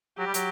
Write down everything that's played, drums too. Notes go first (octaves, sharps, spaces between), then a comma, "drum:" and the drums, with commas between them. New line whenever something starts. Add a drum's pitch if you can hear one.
F#3 G4
G3
F#3, drum: hi-hat